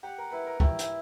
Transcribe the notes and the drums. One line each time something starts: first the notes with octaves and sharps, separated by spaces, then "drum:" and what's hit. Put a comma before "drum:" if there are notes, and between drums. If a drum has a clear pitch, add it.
G4 F#5
A#4
E4 B4
A#4
E4 G4, drum: kick
drum: hi-hat